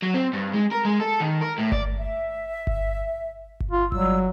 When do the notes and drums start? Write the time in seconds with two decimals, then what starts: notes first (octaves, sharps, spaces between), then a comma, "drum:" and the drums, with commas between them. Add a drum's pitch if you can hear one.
0.02 F#3
0.14 C4
0.33 G2
0.54 G#3
0.71 A#4
0.85 G#3
1.00 A4
1.20 D#3
1.41 A#4
1.58 A2
1.72 D5, drum: kick G1
2.00 E5
2.67 drum: kick G1
3.60 drum: kick G1
3.71 F4
3.92 F#3 G3 E6, drum: kick G1